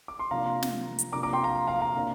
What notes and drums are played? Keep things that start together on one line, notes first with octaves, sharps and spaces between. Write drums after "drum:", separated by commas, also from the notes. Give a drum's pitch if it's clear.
D6
C6
C3 F3 A#3 D4 F5 A#5
drum: snare
drum: hi-hat
C3 F3 A#3 D4 A#5 D6
A#5 D6
G5 C6
F5 A#5
F5 A#5
F5 A#5
C3 A#3 D4